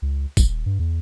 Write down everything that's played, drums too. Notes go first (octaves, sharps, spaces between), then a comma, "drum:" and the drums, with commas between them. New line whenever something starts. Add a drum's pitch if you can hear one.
C#2
D#1, drum: kick, tambourine
G2
E2